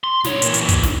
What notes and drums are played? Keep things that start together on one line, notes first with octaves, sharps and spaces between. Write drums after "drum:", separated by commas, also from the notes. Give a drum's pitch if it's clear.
C6
C2 C#5, drum: snare
A#2 E3, drum: hi-hat
drum: hi-hat
drum: kick, hi-hat
drum: snare